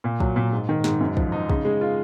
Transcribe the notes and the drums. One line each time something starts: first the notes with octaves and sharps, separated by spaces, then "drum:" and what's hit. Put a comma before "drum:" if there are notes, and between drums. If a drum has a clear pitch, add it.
A#2
F#3, drum: kick
A#2
G#2
D#3
G#2, drum: snare
F#2
F3, drum: kick
D#4
C#3, drum: kick
G#3
F4